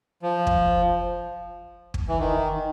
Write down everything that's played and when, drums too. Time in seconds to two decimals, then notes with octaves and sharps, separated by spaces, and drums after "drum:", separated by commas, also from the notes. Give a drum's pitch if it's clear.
0.23 F3
0.47 drum: kick
1.94 drum: kick
2.08 E3
2.19 D#3